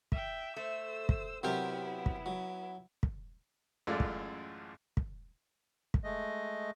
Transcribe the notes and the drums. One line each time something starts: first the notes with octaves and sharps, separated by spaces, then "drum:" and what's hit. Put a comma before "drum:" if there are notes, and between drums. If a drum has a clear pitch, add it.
E5 G5, drum: kick
A3 C5 E6
drum: kick
C3 F#3 B3 C4 E4 G4 A#4
drum: kick
F#3
drum: kick
A1 F#2 G#3 A3 F4 D5
drum: kick
drum: kick
drum: kick
G#3 A3 D#5